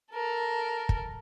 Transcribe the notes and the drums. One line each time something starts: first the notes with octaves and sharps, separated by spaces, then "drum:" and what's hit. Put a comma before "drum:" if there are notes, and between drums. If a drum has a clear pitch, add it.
A4 A#4
drum: kick